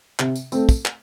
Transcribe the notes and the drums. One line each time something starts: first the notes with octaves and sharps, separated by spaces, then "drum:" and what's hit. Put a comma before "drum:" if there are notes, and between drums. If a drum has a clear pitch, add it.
C3, drum: clap
drum: tambourine
A3 C4, drum: tambourine
drum: kick, tambourine
drum: clap